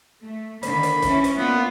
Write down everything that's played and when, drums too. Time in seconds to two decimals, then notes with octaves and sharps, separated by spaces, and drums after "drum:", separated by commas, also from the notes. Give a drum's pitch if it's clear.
0.23 A3
0.63 D3 D#3 A#3 B5, drum: hi-hat
0.83 drum: hi-hat
1.02 E3 C#4 E4, drum: kick, hi-hat
1.24 drum: hi-hat
1.38 A#3 B3 D4 F4